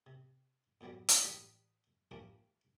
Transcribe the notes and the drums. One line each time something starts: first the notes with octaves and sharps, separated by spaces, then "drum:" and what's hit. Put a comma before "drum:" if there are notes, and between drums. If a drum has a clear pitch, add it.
C3
E2 A2 E3 F#3 G3
drum: hi-hat
A1 G3 A5 B5 D#6
E3 F3 G3 A#3 C#4 D4